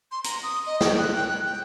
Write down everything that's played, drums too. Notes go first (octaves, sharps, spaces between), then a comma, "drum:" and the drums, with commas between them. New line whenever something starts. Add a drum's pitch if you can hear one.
C6
A#5, drum: hi-hat
D#6
D#5
G5, drum: snare
F#6
G5
F#6
G5